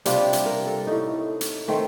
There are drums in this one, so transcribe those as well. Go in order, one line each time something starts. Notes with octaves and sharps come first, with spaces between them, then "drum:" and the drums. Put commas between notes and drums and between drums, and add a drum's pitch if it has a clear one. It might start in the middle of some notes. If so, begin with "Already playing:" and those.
C3 G3 D4 F4, drum: hi-hat
drum: hi-hat
A#4
A4
A2 A3 D#4
drum: hi-hat
D#3 A3 C4